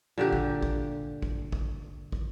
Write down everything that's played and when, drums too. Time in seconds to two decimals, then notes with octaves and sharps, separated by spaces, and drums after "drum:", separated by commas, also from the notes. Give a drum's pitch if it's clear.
0.18 A#2 D3 G4
0.33 drum: kick
0.63 drum: kick
1.22 drum: kick
1.52 drum: kick
2.12 drum: kick